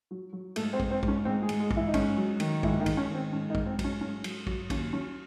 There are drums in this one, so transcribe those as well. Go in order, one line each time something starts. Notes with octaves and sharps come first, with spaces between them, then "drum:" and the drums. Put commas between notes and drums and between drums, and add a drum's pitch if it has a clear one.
F#3
F#3
G#2 A3 A4, drum: cymbal
C4 C5
G#2, drum: kick
C4 C5
G#2, drum: kick
C#4
G#2 C4
G#3 G#4
G#2, drum: cymbal
G#3 G#4
G#2, drum: kick
E3 E4
D#4
G#2 C#4, drum: kick, cymbal
F#3
D#3, drum: cymbal
G#2 E3 E4, drum: kick
D#3 D#4
G#2, drum: kick, cymbal
C#4
D#3
C4
G#2 C#4
D#3 D#4
G#2, drum: kick
C4
F#3, drum: kick, cymbal
C#4
G#2 C#4
F#3, drum: cymbal
F#3, drum: kick
D#2 C#4, drum: kick, cymbal
F#3 C#4